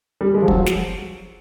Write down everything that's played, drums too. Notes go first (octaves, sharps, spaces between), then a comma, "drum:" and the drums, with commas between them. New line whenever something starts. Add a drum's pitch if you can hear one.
G3
G#3
F3
F#3, drum: kick
drum: snare